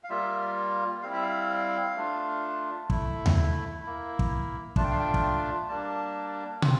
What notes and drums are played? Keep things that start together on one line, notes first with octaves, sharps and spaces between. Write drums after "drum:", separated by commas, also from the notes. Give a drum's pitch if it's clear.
F5
G3 A#3 F4 E5
G3 C4 E4 F5
E5
F5
A3 D4 F4
A3 E4, drum: kick
drum: tom D#2
A#3 E4
drum: kick
A3 D4 F4 A5, drum: kick
G5
F5
G5
drum: kick
G3 A#3 D4 A5
C4 F4, drum: tom